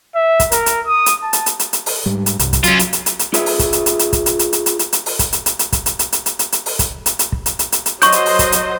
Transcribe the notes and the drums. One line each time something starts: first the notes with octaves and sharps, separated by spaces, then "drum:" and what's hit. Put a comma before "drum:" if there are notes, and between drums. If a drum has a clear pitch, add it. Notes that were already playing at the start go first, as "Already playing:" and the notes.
E5
drum: kick, hi-hat
A#4, drum: hi-hat
drum: hi-hat
D#6
drum: hi-hat
A5
drum: hi-hat
drum: hi-hat
drum: hi-hat
drum: hi-hat
drum: open hi-hat
G#2 G3
drum: hi-hat
C2 G2, drum: hi-hat
drum: kick, hi-hat
F#3 C#4 F4, drum: hi-hat
drum: hi-hat
drum: hi-hat
drum: hi-hat
drum: hi-hat
F4 G#4 B4 C#5 E5, drum: hi-hat
drum: open hi-hat
drum: kick, hi-hat
drum: hi-hat
drum: hi-hat
drum: hi-hat
drum: kick, hi-hat
drum: hi-hat
drum: hi-hat
drum: hi-hat
drum: hi-hat
drum: hi-hat
drum: hi-hat
drum: open hi-hat
drum: kick, hi-hat
drum: hi-hat
drum: hi-hat
drum: hi-hat
drum: kick, hi-hat
drum: hi-hat
drum: hi-hat
drum: hi-hat
drum: hi-hat
drum: hi-hat
drum: hi-hat
drum: open hi-hat
drum: kick, hi-hat
drum: hi-hat
drum: hi-hat
drum: kick
drum: hi-hat
drum: hi-hat
drum: hi-hat
drum: hi-hat
F#3 C5 D#5 C#6 G6, drum: hi-hat
drum: hi-hat
drum: open hi-hat
drum: kick, hi-hat
drum: hi-hat